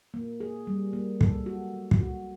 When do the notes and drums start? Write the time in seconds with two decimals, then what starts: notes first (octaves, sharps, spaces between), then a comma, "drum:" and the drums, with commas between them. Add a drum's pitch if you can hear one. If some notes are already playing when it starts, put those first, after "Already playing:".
0.14 A#3
0.40 G#4
0.67 G3
0.93 A#3
1.21 A4, drum: kick
1.46 F#4
1.73 A3
1.91 drum: kick
2.01 F#4